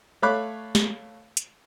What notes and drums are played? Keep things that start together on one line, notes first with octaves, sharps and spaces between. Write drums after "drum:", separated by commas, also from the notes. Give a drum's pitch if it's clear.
A3 C#5 F5 B5 D6 F#6
drum: snare
drum: hi-hat